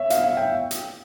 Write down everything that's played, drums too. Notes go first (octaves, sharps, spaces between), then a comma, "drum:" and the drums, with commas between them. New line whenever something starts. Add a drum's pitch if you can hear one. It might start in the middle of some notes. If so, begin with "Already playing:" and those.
Already playing: C#5 E5
F5, drum: hi-hat
F5
G5
drum: hi-hat